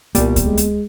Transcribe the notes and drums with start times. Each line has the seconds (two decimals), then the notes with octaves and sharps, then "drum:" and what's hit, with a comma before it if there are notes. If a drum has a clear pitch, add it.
0.15 C2 A#2 G3 A#3 B3, drum: hi-hat
0.36 drum: kick D2, hi-hat
0.46 G#3
0.57 drum: hi-hat